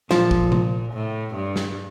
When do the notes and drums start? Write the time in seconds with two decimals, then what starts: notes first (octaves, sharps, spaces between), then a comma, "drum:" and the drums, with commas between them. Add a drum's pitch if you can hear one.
0.11 A#2 F3, drum: snare
0.31 drum: kick
0.52 drum: tom C3
0.93 A2
1.35 G2
1.56 drum: snare